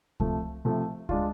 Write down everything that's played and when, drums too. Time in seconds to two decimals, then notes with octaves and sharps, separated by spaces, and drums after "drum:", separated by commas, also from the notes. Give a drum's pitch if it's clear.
0.20 C3 F3 A3, drum: kick C#2
0.65 C3 F3 A3
1.09 G#3 D4 F4, drum: kick C#2